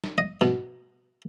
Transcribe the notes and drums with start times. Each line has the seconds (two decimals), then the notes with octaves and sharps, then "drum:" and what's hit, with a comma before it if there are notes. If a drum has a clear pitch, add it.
0.04 drum: snare
0.18 D#5
0.41 B2, drum: snare